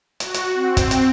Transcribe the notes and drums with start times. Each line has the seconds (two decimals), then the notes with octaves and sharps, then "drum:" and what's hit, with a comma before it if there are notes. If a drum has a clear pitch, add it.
0.20 F#4, drum: hi-hat
0.34 drum: hi-hat
0.55 C4
0.77 drum: kick, hi-hat
0.91 drum: hi-hat